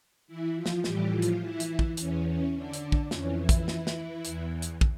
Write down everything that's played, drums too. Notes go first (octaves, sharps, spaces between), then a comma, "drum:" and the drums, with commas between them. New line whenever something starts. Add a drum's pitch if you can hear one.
E3 E4
F3 F4
drum: snare
A2 E3 G3 G4, drum: snare
F3 F4
drum: hi-hat
E3 E4
drum: hi-hat
drum: kick
E2 E3 C#4, drum: hi-hat
C#4
D3 D4
drum: hi-hat
drum: kick
F2 E3 C#4, drum: snare
E3 E4
drum: kick, hi-hat
drum: snare
drum: snare
E2 E3, drum: hi-hat
drum: hi-hat
drum: kick